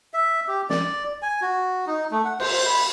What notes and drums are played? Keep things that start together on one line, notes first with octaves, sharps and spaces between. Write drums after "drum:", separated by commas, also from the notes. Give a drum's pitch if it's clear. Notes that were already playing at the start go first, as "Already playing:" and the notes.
E5
G4
D5, drum: snare
G#5
F#4
D#4
A3
F#5
C5, drum: cymbal
B5